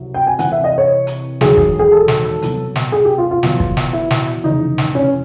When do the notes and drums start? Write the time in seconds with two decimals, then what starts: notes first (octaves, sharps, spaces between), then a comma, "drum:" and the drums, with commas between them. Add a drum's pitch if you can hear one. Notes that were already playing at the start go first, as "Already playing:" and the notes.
Already playing: C2 C3 F#3
0.14 G5
0.27 G#5
0.39 C2 C3 E3 F#5, drum: hi-hat
0.52 E5
0.64 D#5
0.78 C#5
1.07 drum: hi-hat
1.41 E1 D#2 D#3 F#3 G#4, drum: snare
1.57 drum: kick
1.79 G#4
1.92 A4
2.08 drum: snare
2.42 C2 B2 F#3, drum: hi-hat
2.76 drum: snare
2.92 G#4
3.05 G4
3.18 F4
3.31 F4
3.43 E2 B2 F#3, drum: snare
3.60 drum: kick
3.77 drum: snare
3.93 E4
4.11 drum: snare
4.44 F1 E2 C#3 D#4
4.78 drum: snare
4.95 C#4